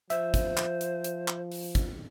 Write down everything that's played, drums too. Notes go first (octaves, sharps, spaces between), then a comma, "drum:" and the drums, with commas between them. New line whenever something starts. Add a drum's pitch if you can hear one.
F3 C5 E5, drum: hi-hat
drum: kick, hi-hat
drum: clap
drum: hi-hat
drum: hi-hat
drum: clap
drum: open hi-hat
drum: kick, hi-hat